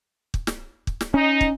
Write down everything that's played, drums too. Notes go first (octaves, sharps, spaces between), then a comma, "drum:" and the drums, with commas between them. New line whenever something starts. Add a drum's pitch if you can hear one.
drum: kick
drum: snare
drum: kick
drum: snare
C#4 D#4
drum: kick